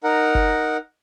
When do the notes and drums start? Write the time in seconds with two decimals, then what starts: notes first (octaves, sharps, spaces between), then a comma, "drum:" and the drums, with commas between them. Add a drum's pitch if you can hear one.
0.04 D#4 A#4 F#5
0.35 drum: kick F#1